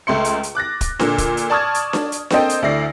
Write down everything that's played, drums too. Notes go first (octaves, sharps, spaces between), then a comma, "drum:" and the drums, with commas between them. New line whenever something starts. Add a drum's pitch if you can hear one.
C#2 A3 C6 C#7
drum: hi-hat
drum: hi-hat
D6 F#6 A6 A#6
drum: kick, hi-hat
A#2 D3, drum: snare D4
drum: kick, hi-hat
drum: hi-hat
D5 A5 C#6 D#6 F6 G#6
drum: hi-hat
drum: snare D4
drum: hi-hat
A#3 C4 A4 C5 D#5 G5, drum: snare D4
drum: hi-hat
D2 A3 E4 D5 A#6 C7